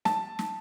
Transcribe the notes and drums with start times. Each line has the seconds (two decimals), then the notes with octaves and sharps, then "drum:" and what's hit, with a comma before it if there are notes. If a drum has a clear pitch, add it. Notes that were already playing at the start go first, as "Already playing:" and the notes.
0.05 A5, drum: snare
0.39 drum: snare